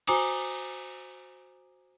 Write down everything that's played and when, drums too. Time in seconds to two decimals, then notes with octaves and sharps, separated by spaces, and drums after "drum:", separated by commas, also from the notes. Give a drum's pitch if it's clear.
0.07 F#4 C5 G#5 A#5 D6 D#6, drum: cymbal